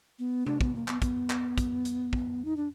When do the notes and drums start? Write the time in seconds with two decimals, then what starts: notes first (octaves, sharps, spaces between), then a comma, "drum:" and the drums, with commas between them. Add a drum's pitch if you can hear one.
0.19 B3
0.46 D4, drum: tom
0.61 B3, drum: kick
0.75 A#3
0.88 B3, drum: clap
1.02 B3, drum: kick, hi-hat
1.30 drum: clap
1.58 drum: kick, hi-hat
1.85 drum: hi-hat
2.13 drum: kick
2.45 D#4
2.57 D4